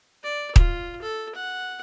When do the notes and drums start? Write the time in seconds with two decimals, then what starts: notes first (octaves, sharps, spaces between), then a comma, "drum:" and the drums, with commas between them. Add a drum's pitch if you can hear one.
0.23 D5
0.56 F4, drum: kick D#1
1.02 A4
1.35 F#5